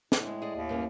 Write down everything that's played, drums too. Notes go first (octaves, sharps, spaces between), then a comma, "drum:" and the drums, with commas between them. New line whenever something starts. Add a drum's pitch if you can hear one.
A2, drum: snare
G#3
G#4 D5 D#5
D#2
G2 A#3 C#4